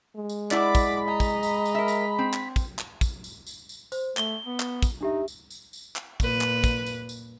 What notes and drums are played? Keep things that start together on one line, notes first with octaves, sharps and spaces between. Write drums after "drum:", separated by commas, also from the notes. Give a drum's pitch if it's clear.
G#3
drum: tambourine
E4 D5 F#5 B5 D6, drum: clap
drum: kick, tambourine
D#5 A#5
drum: kick, tambourine
drum: tambourine
drum: tambourine
A#4 E5
drum: tambourine
C4
drum: clap
drum: kick, tambourine
drum: clap
drum: kick, tambourine
drum: tambourine
drum: tambourine
drum: tambourine
C5, drum: tambourine
A3 G7, drum: clap
B3
drum: clap
drum: kick, tambourine
D4 D#4 G4 E5
drum: tambourine
drum: tambourine
drum: tambourine
drum: clap
A#2 B4, drum: kick, tambourine
drum: clap
drum: kick, tambourine
drum: tambourine
drum: tambourine